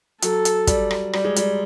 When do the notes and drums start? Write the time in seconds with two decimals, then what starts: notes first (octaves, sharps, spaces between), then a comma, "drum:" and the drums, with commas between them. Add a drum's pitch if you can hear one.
0.22 F#3 A4, drum: hi-hat
0.45 drum: hi-hat
0.67 G3, drum: kick, hi-hat
0.91 drum: rim click
1.13 G3, drum: rim click
1.25 G#3
1.36 G3, drum: hi-hat